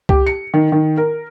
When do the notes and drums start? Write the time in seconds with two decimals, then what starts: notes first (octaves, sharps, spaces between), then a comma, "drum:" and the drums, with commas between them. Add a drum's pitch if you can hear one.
0.09 G4, drum: kick C#2
0.27 C#7
0.54 D#3
0.72 D#3
0.97 A#4